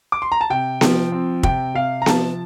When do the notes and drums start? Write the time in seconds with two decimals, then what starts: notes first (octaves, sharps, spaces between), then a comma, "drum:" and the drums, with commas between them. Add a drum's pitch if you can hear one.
0.12 D6
0.22 C6
0.32 A#5
0.41 A5
0.50 C3 G5
0.81 F3, drum: snare B3
1.12 C4
1.43 C3 G5, drum: kick
1.75 C3 F5
2.02 A#5
2.06 F3 A5, drum: snare B3